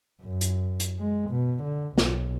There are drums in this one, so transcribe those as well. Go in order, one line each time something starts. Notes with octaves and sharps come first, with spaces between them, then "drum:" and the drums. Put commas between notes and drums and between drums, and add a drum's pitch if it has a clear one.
F#2
drum: hi-hat
drum: hi-hat
G#3
B2
D3
B1, drum: snare